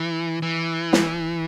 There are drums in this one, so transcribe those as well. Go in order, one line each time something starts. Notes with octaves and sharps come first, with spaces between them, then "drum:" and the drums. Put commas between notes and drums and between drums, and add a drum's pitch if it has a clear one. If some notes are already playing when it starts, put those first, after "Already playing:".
Already playing: E3
E3
drum: snare